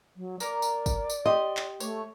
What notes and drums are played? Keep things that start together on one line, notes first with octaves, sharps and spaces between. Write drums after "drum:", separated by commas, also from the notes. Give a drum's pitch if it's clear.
F#3
A#3 A#4 D5, drum: tambourine
drum: tambourine
drum: kick G1, tambourine
drum: tambourine
G4 D#5 C6
drum: clap
A3 C#5, drum: tambourine